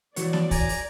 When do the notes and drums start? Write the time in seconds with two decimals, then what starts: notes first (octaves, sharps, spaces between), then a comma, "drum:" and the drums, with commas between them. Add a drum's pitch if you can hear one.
0.16 E3 F#4 C#5 D5, drum: hi-hat
0.33 drum: snare
0.51 G#5 A#5, drum: kick, open hi-hat
0.69 drum: open hi-hat